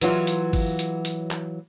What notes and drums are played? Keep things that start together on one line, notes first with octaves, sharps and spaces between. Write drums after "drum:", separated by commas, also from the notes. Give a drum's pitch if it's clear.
E3 F#3 F4, drum: hi-hat
drum: hi-hat
drum: kick, open hi-hat
drum: hi-hat
drum: hi-hat
drum: clap